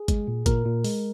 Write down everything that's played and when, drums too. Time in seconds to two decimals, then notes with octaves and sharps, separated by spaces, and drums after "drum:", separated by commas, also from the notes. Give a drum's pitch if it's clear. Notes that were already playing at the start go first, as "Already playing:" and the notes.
Already playing: G#4
0.08 G#3, drum: kick, hi-hat
0.28 A#2
0.46 A#2 A#4, drum: kick, hi-hat
0.65 A#2
0.84 G#3, drum: open hi-hat